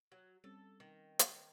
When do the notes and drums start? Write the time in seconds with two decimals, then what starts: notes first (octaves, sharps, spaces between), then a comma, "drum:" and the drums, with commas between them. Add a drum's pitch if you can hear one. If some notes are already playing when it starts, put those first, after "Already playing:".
0.12 F#3
0.44 G3 C4 C#4 A4
0.80 D#3
1.19 drum: hi-hat